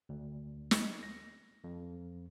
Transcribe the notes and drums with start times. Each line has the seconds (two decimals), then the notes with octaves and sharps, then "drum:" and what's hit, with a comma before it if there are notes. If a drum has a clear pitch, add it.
0.09 D2
0.71 drum: snare
1.03 A#6
1.64 F2